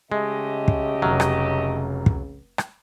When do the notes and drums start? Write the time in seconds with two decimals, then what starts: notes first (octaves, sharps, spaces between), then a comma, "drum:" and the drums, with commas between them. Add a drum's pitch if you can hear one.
0.12 C#3 G#3 A3 G4 D#5
0.68 drum: kick
1.02 F1 F#3 A#5 F6
1.20 drum: rim click
2.06 drum: kick
2.58 drum: rim click